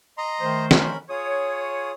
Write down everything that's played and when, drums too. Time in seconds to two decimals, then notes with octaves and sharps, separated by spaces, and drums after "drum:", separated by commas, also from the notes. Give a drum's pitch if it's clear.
0.18 D#5 A#5 C6
0.41 D#3 A3 C5
0.71 C#4 A#4 B5, drum: snare
1.09 F4 G#4 C#5 D#6